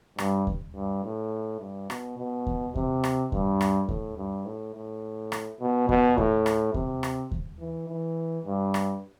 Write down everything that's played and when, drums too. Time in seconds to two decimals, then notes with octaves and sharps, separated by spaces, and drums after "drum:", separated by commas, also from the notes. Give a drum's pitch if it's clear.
0.18 G2, drum: rim click
0.47 drum: kick D#2
0.75 G2
1.04 A2
1.60 G2
1.90 B2, drum: rim click
2.18 B2
2.47 drum: kick D#2
2.75 C3, drum: kick D#2
3.04 drum: rim click
3.32 G2, drum: kick D#2
3.61 drum: rim click
3.89 A2, drum: kick D#2
4.18 G2
4.46 A2
4.75 A2
5.32 drum: rim click
5.61 B2
5.89 B2, drum: kick D#2
6.18 A2, drum: kick D#2
6.46 drum: rim click
6.74 C3, drum: kick D#2
7.03 drum: rim click
7.31 drum: kick D#2
7.60 E3
7.88 E3
8.46 G2
8.74 drum: rim click